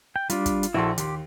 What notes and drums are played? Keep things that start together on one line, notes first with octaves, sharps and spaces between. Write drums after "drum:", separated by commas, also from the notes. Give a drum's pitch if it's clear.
G5
G3 D4 F4, drum: hi-hat
drum: kick, hi-hat
drum: hi-hat
A#1 E4 F#4 A4 C6
D#2 G4 C6, drum: hi-hat